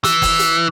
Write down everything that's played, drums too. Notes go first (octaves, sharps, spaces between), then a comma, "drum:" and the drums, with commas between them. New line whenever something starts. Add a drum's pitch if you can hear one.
E3, drum: hi-hat
drum: kick F#1, open hi-hat
drum: hi-hat